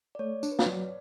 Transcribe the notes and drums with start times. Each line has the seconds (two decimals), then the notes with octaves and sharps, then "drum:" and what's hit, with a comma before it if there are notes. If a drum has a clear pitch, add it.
0.15 D5
0.19 A3 C#5
0.43 D4, drum: tambourine
0.52 B4
0.59 C#5, drum: snare
0.66 F#3 D5